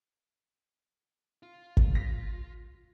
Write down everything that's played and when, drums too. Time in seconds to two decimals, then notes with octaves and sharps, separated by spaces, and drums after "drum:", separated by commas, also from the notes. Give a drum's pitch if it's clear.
1.43 F4
1.77 drum: kick
1.95 A#6 B6